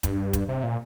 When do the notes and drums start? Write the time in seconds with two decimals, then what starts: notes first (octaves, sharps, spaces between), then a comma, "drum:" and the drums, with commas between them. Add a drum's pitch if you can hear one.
0.03 G2, drum: kick, hi-hat
0.33 drum: kick, hi-hat
0.49 C3
0.63 A#2